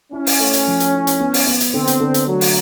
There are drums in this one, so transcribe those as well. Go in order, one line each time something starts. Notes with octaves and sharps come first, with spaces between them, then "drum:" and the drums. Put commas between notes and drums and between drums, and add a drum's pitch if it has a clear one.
C#4 E4
drum: open hi-hat
A3
drum: hi-hat
F3
drum: hi-hat
E4
drum: hi-hat
B3
drum: open hi-hat
B3
drum: hi-hat
D3 C4
drum: hi-hat
D3
drum: hi-hat
F#3 A3
drum: open hi-hat